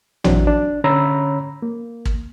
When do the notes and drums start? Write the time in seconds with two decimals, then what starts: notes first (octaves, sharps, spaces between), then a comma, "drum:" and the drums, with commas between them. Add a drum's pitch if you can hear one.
0.24 E3 F#3 C4 D4, drum: tom A1
0.47 D4
0.84 D3 C#4 C#5 A#5 B5 E6
1.62 A#3
2.05 drum: kick